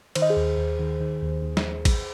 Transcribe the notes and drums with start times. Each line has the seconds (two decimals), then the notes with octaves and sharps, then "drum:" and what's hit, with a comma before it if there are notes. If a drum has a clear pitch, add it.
0.15 D#3 C5, drum: cymbal
0.22 D#5
0.29 G#4 C5
0.37 D#2
0.57 D#2
0.79 D#3
1.00 D#3
1.22 D#2
1.42 D#2
1.57 drum: snare
1.85 drum: kick, cymbal